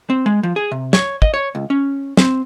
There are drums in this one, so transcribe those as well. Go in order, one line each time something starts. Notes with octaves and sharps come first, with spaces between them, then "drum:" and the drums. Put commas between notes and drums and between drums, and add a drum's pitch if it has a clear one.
C4
G#3
F3
G#4
C3
C#5, drum: snare
D#5, drum: kick
C#5
C#2
C#4
C4, drum: snare